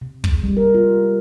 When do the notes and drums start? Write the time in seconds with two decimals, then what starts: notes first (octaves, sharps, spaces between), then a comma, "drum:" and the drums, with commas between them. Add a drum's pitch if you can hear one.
0.02 C3
0.24 G#3, drum: kick
0.44 G3
0.57 A#4
0.75 F4